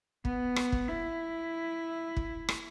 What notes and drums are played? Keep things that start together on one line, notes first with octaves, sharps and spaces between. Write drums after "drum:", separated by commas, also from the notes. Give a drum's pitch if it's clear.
B3, drum: kick
drum: rim click
drum: kick
E4
drum: kick
drum: rim click